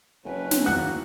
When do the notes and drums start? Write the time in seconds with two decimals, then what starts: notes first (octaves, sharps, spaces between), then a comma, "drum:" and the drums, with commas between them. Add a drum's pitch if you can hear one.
0.25 F#1 C#4 B4
0.51 drum: snare
0.66 D#2 D#4 E4 F#4 F#6